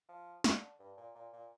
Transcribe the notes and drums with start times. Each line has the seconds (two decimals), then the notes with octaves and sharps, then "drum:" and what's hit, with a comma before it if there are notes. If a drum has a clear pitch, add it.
0.09 F3
0.44 D3, drum: snare
0.79 G2
0.97 A#2
1.15 A#2
1.33 A#2